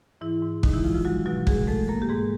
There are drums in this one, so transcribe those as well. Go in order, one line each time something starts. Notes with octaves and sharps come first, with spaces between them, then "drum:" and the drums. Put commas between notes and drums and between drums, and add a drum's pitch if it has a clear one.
G#2 E3 E4
G#2
D#3 G#3 D#4, drum: kick
E3 E4
F3 F4
F3 F4
F#3 G#3 F#4
B2 F#3 F#4
B2 G#3 G#4, drum: kick
G#3 A3 A4
A#3 A#4
G4
G#2 G#3 G#4